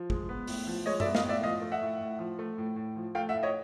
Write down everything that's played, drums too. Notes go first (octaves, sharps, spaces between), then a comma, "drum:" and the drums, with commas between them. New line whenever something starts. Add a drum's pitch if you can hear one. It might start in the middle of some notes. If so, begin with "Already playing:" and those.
Already playing: F3
G#3, drum: kick
B3
A2, drum: open hi-hat
F3
G#3 C#5 D#5
D5 E5, drum: tom F#2
B3
D#5 F5, drum: snare
A2
D5 E5
F3 D#5 F5
A3
E5 F#5
A2
A2
F3
A3
A2
A2
F3
A3 F5 G5
E5 F#5
A2
C#5 D#5